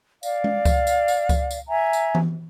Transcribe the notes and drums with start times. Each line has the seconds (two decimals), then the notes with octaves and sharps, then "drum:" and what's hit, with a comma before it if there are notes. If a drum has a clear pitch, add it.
0.23 D5 F5, drum: tambourine
0.44 drum: tom G#3
0.65 drum: kick C#2, tambourine
0.87 drum: tambourine
1.08 drum: tambourine
1.29 drum: kick C#2, tambourine
1.51 drum: tambourine
1.69 E5 G#5 A#5
1.93 drum: tambourine
2.15 drum: tom E3